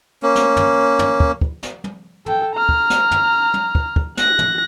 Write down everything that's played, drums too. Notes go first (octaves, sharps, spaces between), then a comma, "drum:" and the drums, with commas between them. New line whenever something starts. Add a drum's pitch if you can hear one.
A#3 C#4
drum: snare
drum: tom
drum: tom
drum: kick
drum: kick
drum: snare
drum: tom
A4 G5, drum: tom
A#5 F6
drum: kick
drum: snare
drum: tom
drum: tom
drum: kick
drum: kick
F#6 A#6, drum: snare
drum: tom